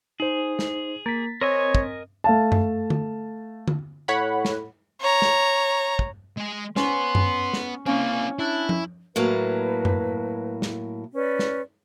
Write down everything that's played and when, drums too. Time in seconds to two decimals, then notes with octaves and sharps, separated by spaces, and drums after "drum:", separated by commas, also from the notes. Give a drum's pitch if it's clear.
0.20 D#4 G#4 C5
0.59 drum: snare
1.06 A#3 A6 B6
1.41 C4 A#4 C#5 D#5 G#5
1.75 drum: kick
2.24 A3 F5 A5
2.52 drum: tom F#2
2.90 drum: tom D3
3.68 drum: tom D3
4.08 A2 C#5 F#5 B5
4.45 drum: snare
5.00 C#5 A#5
5.22 drum: snare
5.99 drum: kick
6.38 G#3 G#5
6.76 B3 C#4 C6, drum: snare
7.15 drum: tom F#2
7.53 drum: snare
7.86 A#3 C4 C#4 E4
8.39 D4 E4
8.69 drum: tom F3
9.16 A2 F#3 A#3 B4
9.85 drum: tom F#2
10.62 drum: snare
11.13 C#4 B4 D5
11.39 drum: snare